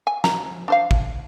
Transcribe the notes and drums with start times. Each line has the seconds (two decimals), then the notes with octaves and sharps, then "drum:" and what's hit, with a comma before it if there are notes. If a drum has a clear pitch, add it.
0.07 G#5
0.24 A#5, drum: snare
0.68 D4 C5 F5
0.91 drum: kick